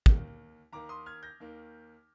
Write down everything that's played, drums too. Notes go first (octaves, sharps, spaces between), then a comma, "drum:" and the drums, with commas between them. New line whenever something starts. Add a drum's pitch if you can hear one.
D#2 D#3 A#3, drum: kick
D#2 D#3 A#3 A#5 D6
C6 D#6
F6 G#6
G6 A#6
D#2 D#3 A#3